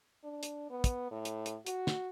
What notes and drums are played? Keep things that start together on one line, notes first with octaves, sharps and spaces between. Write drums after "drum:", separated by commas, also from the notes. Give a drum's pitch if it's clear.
D4
drum: hi-hat
B3
drum: kick, hi-hat
A2
drum: hi-hat
drum: hi-hat
F#4, drum: hi-hat
drum: snare